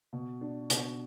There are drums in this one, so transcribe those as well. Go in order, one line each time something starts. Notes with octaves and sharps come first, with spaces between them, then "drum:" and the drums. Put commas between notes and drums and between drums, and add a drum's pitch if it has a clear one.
B2
D4
B2, drum: hi-hat